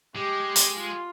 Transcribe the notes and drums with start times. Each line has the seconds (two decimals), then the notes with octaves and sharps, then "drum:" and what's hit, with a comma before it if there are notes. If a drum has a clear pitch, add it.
0.16 G#3 G4
0.56 drum: hi-hat
0.77 F4